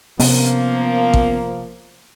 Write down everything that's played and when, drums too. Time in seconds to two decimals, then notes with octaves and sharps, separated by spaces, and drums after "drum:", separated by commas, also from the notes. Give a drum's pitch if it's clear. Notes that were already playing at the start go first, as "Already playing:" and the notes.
0.20 C3 F3 A#3 B3 C#4, drum: open hi-hat
1.14 drum: kick A1